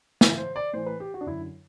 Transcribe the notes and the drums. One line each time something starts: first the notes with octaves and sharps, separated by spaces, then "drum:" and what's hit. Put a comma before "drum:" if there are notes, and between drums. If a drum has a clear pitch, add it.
A2 E3, drum: snare
C5
D5
A2 E3 C5
B4
G4
F#4
D4
F#2 D3 E4